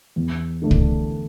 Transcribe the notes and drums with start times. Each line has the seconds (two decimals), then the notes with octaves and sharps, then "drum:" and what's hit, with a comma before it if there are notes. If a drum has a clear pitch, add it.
0.16 E2
0.62 D3 A3 D4
0.71 drum: kick